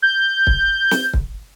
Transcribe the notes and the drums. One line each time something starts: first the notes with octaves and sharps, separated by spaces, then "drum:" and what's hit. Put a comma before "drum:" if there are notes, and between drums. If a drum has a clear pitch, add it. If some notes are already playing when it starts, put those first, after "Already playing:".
G6
drum: kick
drum: snare
drum: kick